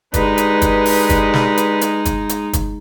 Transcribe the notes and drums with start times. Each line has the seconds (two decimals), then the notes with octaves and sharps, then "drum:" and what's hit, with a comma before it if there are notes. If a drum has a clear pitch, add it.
0.14 D3 G#3 D#4 G4 B4, drum: kick, hi-hat
0.38 drum: hi-hat
0.62 drum: kick, hi-hat
0.86 drum: open hi-hat
1.10 drum: kick, hi-hat
1.33 drum: snare
1.57 drum: hi-hat
1.81 drum: hi-hat
2.05 drum: kick, hi-hat
2.29 drum: hi-hat
2.53 drum: kick, hi-hat